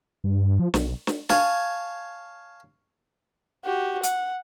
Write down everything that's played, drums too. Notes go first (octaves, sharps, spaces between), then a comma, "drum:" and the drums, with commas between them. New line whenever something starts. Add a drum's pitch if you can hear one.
G2
F3
B1, drum: snare
drum: snare
C#5 F5 G#5 A5, drum: snare
F#4 G4
F#5, drum: hi-hat